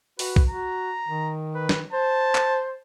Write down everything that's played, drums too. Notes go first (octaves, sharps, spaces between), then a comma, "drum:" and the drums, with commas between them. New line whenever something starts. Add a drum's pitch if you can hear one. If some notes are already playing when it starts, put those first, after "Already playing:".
F#4 B4, drum: open hi-hat
drum: kick
F#4 A#5
D#3
B4
drum: snare
C5 A5
drum: clap